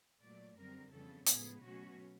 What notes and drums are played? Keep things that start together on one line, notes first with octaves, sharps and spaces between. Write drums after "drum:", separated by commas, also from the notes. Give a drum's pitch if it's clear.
A#2 F#3 A3 D5
F#2 D3 G3 C4 A#4
F2 C#3 E3 G3 B3 A4
A2 F3 G#3 B3 G#4, drum: hi-hat
B2 F#3 A3 C#4 F#4